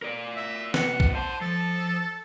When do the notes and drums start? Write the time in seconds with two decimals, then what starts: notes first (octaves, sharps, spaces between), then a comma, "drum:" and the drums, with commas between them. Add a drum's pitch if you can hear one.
0.02 A#4 D5
0.36 E5
0.74 C3 B4 F#5, drum: snare
1.00 drum: kick
1.14 C5 F#5 A5
1.41 F3 A4